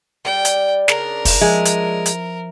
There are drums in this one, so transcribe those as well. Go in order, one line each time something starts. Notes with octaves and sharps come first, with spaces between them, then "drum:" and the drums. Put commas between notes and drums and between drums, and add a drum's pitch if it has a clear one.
G3 D5 G5
drum: hi-hat
C#3 D4 A#4, drum: snare
drum: kick, open hi-hat
F3 G#3 E5
drum: hi-hat
drum: hi-hat